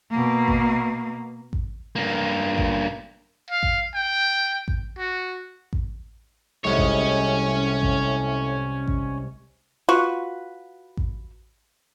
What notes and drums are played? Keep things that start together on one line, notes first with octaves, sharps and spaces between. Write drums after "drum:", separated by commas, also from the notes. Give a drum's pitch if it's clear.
B2 A#3
drum: kick A1
drum: kick A1
G2 A#3
drum: kick A1
F5
drum: kick A1
G5
drum: kick A1
F#4
drum: kick A1
C2 A2 G#3 C#4 C#5
drum: kick A1
drum: kick A1
drum: kick A1
F4 F#4 B4
drum: kick A1